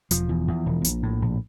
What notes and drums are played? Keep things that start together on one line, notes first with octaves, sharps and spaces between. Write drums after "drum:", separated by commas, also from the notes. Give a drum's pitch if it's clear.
E1 F3, drum: hi-hat
E2
E2
E1
A#1, drum: hi-hat
A2
A#1